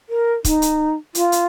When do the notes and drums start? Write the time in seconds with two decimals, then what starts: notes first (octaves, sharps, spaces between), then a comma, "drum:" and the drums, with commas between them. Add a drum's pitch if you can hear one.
0.09 A#4
0.45 D#4, drum: kick, hi-hat
0.62 drum: hi-hat
1.15 F4, drum: hi-hat
1.32 drum: hi-hat